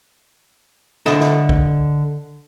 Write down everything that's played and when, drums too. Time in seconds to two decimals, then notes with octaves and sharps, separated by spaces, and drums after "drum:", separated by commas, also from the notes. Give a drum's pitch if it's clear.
1.06 D3 A4 D#5 E5 B5, drum: snare
1.20 drum: snare
1.49 drum: kick